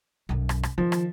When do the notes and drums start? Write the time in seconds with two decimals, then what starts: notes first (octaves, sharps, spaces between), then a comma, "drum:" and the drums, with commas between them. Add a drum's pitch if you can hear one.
0.29 B1 F#2
0.49 drum: rim click
0.63 drum: rim click
0.78 D#3 F3
0.92 drum: rim click